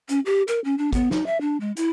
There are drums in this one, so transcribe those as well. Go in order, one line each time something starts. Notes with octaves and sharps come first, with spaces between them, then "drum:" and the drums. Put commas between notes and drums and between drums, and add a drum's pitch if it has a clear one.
C#4, drum: hi-hat
G4
A#4, drum: hi-hat
C#4
D4
B3, drum: kick, hi-hat
D#4, drum: snare
E5
D4
G#3
E4, drum: hi-hat